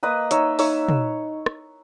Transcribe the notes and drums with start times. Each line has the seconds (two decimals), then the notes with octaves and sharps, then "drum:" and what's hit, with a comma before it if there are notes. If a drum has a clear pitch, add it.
0.03 A#3 B4 D#5
0.31 D#4 C#5 E5, drum: hi-hat
0.59 D#4 C#5 E5, drum: open hi-hat
0.89 drum: tom
1.46 drum: rim click